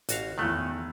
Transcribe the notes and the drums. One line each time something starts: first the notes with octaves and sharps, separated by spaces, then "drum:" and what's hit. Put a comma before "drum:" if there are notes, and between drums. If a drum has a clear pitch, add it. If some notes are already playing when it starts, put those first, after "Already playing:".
A1 F#4 F5, drum: hi-hat
E2 D#3 A3 F#6